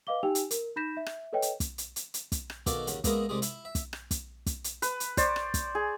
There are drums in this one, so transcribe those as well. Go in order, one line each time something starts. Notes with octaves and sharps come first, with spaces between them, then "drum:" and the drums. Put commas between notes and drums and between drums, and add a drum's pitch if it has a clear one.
B4 D#5 F5 D6 G7
D#4 G4 G5 G#5 E6 F7
drum: hi-hat
A#4, drum: hi-hat
D#4 B5 G6 A#6 B6 E7
E5
drum: rim click
A4 B4 C#5 D#5 G5
drum: hi-hat
drum: kick, hi-hat
drum: hi-hat
drum: hi-hat
drum: hi-hat
drum: kick, hi-hat
drum: rim click
B2 D#3 F#4 A4 D5 F5, drum: kick, hi-hat
D#2 C#3 F#5, drum: hi-hat
G#3 A#3 B3 E4 G#4 A#4, drum: kick, hi-hat
C2 G3 G#3 G#4
E4, drum: hi-hat
E5
drum: kick, hi-hat
drum: rim click
drum: kick, hi-hat
drum: kick, hi-hat
drum: hi-hat
B4, drum: hi-hat
drum: hi-hat
C5 D5 C#6, drum: kick, hi-hat
drum: rim click
drum: kick, hi-hat
G#4